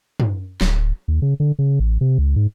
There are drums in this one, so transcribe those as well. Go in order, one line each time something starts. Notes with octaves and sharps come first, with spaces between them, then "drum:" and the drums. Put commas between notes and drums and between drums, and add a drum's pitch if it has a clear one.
drum: tom
D1, drum: snare
D#2
C#3
D3
C#3
A1
C3
C#2
G#2